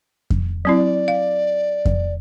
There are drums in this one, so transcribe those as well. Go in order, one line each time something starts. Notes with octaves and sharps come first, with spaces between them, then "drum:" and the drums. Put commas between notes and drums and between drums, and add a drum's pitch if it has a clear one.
drum: kick F2
F#3 C4 E4 D5
F5
drum: kick F2